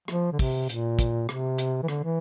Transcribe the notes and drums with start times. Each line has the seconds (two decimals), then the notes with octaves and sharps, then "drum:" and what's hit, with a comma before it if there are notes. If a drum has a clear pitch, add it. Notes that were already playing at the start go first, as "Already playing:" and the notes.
0.08 F3, drum: rim click
0.32 D3
0.39 C3, drum: kick, open hi-hat
0.69 A#2, drum: hi-hat
0.99 drum: kick, hi-hat
1.29 C3, drum: rim click
1.58 drum: hi-hat
1.83 E3
1.88 D3, drum: rim click
2.03 E3